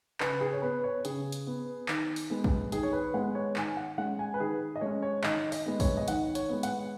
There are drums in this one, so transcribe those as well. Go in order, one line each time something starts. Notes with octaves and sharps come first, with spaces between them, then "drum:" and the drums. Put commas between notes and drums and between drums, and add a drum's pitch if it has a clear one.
C#3 B4, drum: clap
G#4
C#5
B3 B4
C#5
C#3 G#4, drum: hi-hat
drum: hi-hat
B3
D#3, drum: clap
drum: open hi-hat
G#3 B3
drum: kick
D#3 G#4, drum: hi-hat
C#5
B4
G#3 B3 F#5
C#5
D#3 G#5, drum: clap
F#5
G#3 C#4 F#5
G#5
B4
D#3 G#4
D#5
G#3 C#4 C#5
C#5
D#3 D#5, drum: clap
D#5, drum: open hi-hat
G#3 B3
C#5, drum: kick, open hi-hat
D#5
D#3 F#5, drum: hi-hat
C#5, drum: hi-hat
G#3 B3
F#5, drum: hi-hat